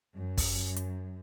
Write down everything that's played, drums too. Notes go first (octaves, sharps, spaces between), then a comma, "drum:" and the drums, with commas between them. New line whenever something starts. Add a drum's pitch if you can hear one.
F#2
drum: kick, open hi-hat
drum: hi-hat